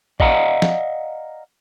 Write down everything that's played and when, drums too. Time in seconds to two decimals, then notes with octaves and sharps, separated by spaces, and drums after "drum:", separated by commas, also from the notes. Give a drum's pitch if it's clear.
0.20 D5 D#5 F5 F#5 A#5, drum: kick A1
0.62 drum: snare F3